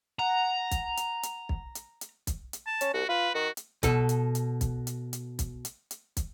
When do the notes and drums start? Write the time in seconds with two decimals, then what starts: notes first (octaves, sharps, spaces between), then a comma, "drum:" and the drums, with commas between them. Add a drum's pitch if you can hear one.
0.19 F#5 A#5
0.71 drum: kick, hi-hat
0.97 drum: hi-hat
1.23 drum: hi-hat
1.49 drum: kick
1.75 drum: hi-hat
2.01 drum: hi-hat
2.27 drum: kick, hi-hat
2.53 drum: hi-hat
2.67 A5
2.81 C#4, drum: hi-hat
2.94 C2 F#4
3.09 F4 B4
3.35 D#3 F#4
3.57 drum: hi-hat
3.83 B2 A4, drum: kick, hi-hat
4.09 drum: hi-hat
4.35 drum: hi-hat
4.61 drum: kick, hi-hat
4.87 drum: hi-hat
5.13 drum: hi-hat
5.39 drum: kick, hi-hat
5.65 drum: hi-hat
5.91 drum: hi-hat
6.17 drum: kick, hi-hat